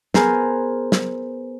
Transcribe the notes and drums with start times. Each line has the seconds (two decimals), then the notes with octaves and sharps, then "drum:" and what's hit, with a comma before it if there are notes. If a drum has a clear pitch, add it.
0.14 B3 G#4 A#4 C5 G#5, drum: snare
0.92 drum: snare